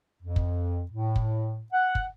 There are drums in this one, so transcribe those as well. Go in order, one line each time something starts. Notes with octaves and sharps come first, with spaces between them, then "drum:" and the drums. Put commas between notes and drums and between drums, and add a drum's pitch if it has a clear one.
F2
drum: kick
A2
drum: kick
F#5
drum: kick